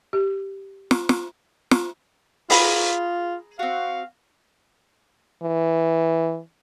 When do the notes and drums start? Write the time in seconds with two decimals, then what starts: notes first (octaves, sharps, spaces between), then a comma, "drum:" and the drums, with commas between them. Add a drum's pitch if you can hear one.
0.13 G4
0.91 drum: snare
1.09 drum: snare
1.71 drum: snare
2.50 F4 G#4 A#5 B5, drum: open hi-hat
3.59 C4 F#4 F5
5.43 E3